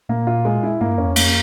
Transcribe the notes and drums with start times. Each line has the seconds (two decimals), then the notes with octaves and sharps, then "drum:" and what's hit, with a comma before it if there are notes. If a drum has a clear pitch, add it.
0.09 A#2 A#3
0.27 F4
0.45 G#3
0.63 E4
0.81 G#2 A#3
0.89 G2
0.98 F2 C#4
1.07 E2
1.16 F2 A#3, drum: cymbal